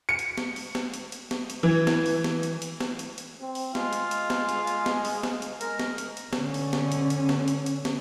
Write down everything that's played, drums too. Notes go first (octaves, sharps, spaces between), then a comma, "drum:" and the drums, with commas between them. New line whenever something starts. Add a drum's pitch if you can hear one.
C#7
drum: hi-hat
drum: snare
drum: open hi-hat
drum: snare
drum: hi-hat
drum: hi-hat
drum: snare
drum: hi-hat
E3
drum: snare
drum: open hi-hat
drum: snare
drum: hi-hat
drum: hi-hat
drum: snare
drum: hi-hat
drum: hi-hat
C4
drum: open hi-hat
G#3 F4, drum: snare
drum: hi-hat
drum: hi-hat
drum: snare
drum: hi-hat
drum: hi-hat
drum: snare
drum: open hi-hat
drum: snare
drum: hi-hat
G#3 A#4, drum: hi-hat
drum: snare
drum: hi-hat
drum: hi-hat
D3 C#4, drum: snare
drum: open hi-hat
drum: snare
drum: hi-hat
drum: hi-hat
drum: snare
drum: hi-hat
drum: hi-hat
drum: snare